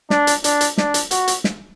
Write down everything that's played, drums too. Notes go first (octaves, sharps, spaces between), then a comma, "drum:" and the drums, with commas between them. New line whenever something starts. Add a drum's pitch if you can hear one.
D4, drum: snare
drum: hi-hat
D4, drum: hi-hat
drum: hi-hat
D4, drum: snare
drum: hi-hat
F#4, drum: hi-hat
drum: hi-hat
drum: snare